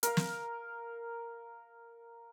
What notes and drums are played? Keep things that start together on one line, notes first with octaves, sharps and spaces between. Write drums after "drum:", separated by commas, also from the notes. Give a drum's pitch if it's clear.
A#4 F5, drum: hi-hat
drum: snare